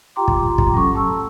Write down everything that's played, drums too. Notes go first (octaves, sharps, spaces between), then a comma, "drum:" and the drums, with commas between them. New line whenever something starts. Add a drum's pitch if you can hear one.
F4 G4 G5 A#5 C6 D6
drum: kick
drum: kick
F#3 C#4 A4 C#6
A3 A5 C#6 E6